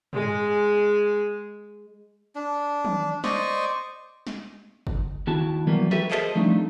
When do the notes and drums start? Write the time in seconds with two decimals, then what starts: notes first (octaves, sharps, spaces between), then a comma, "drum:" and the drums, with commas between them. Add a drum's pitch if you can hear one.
0.13 G#3 G#4, drum: tom
2.36 D4
2.85 drum: tom
3.24 C5 D5 D#5 C#6, drum: snare
4.27 drum: snare
4.87 drum: kick
5.27 D#2 E4 F#4 A5
5.67 E3 F#3 G3 A#3 B3
5.91 F#4 G4 A4 B4 E5, drum: snare
6.11 G#4 A#4 C5 D#5 E5 A5, drum: clap
6.35 F3 G3 A3 C4 D4 D#4